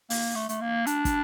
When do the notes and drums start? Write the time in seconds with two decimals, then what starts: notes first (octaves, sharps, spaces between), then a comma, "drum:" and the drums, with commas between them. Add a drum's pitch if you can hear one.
0.10 A#3, drum: open hi-hat
0.35 A3
0.49 A3, drum: hi-hat
0.61 A#3
0.87 D4, drum: hi-hat
1.05 drum: kick, hi-hat